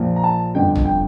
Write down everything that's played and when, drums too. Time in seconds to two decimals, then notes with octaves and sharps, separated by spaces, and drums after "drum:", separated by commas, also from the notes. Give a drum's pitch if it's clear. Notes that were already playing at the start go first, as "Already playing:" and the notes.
Already playing: A#1 A#2 F3
0.16 A#5
0.24 A5
0.55 G1 F2 D3 G5
0.76 drum: tom
0.85 G5